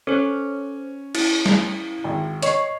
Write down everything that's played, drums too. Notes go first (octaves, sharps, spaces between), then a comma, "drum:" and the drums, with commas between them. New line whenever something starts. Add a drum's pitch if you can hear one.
C#4 A4 C5 C#5
E4, drum: cymbal
drum: snare
G#1
C#5 D#5 C#6 C7, drum: hi-hat